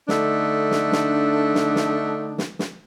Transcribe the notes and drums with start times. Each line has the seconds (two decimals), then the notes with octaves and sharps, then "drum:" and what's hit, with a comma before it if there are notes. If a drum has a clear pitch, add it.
0.09 D3 A3 D4 D#4, drum: snare
0.71 drum: snare
0.92 drum: snare
1.55 drum: snare
1.76 drum: snare
2.38 drum: snare
2.59 drum: snare